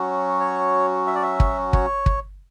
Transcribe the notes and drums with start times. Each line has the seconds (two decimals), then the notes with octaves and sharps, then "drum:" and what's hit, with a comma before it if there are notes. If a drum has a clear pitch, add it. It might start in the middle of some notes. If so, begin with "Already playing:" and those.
Already playing: F#3 C#4 F#4
0.40 C#5
1.07 E5
1.15 D5
1.22 E5
1.40 drum: kick
1.73 C#5, drum: kick
2.06 drum: kick